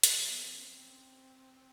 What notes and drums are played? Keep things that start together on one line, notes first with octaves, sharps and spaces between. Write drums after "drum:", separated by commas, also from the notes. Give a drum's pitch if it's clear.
drum: hi-hat
F3
B3
C4
C#4
C4